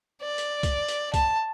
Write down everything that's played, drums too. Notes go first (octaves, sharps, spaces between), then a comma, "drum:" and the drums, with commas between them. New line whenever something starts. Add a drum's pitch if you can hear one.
D5
drum: hi-hat
drum: kick, hi-hat
drum: hi-hat
A5, drum: kick, hi-hat